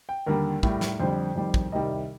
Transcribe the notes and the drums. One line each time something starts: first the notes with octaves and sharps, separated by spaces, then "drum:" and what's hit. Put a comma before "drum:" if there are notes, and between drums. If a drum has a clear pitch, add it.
G5
D#2 D3 G3 A#4
A2 G3, drum: kick
drum: snare
F2 D3 G3 C5
F2 D#3 G3
drum: kick
C2 C3 D#3 G3 D#5